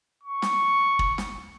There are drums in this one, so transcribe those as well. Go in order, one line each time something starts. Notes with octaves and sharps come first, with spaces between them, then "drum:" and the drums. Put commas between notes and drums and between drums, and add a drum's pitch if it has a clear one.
C#6
drum: snare
drum: kick
drum: snare